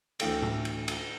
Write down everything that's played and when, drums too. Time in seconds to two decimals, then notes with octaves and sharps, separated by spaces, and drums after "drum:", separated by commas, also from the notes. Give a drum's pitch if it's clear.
0.20 D2 E3 A4 G5, drum: cymbal
0.42 drum: tom A2
0.65 drum: cymbal
0.88 drum: cymbal